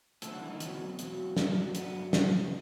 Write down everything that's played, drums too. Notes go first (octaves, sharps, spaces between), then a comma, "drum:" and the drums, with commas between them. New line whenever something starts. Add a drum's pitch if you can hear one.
D2 D3 F3 A3 A4, drum: hi-hat
F#3 F#4
E3 E4
D#3 D#4
E2 B2 F#3, drum: hi-hat
E2 B2 F#3, drum: hi-hat
G2 D3 D#3 F#3 D#4, drum: snare
D3 D4
G2 D3 F#3 B3, drum: hi-hat
C#2 C3 F3, drum: snare